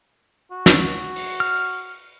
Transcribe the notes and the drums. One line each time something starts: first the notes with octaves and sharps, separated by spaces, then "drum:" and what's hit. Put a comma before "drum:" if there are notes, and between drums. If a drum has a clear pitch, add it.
F#4
drum: snare
drum: open hi-hat
F6